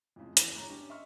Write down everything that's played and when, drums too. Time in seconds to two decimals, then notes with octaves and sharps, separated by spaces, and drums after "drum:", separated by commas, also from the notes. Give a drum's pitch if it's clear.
0.16 F2 A2 C#3 G#3
0.37 E2 E3, drum: hi-hat
0.55 G1 G#3 C#5 A#5
0.70 C#4 D4 G4
0.89 D#5 E5 C6 C#6 E6 F6